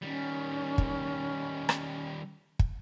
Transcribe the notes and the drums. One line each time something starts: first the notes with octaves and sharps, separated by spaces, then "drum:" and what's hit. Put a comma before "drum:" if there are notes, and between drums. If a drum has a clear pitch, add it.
D#3 G3 C#4
drum: kick
drum: rim click
drum: kick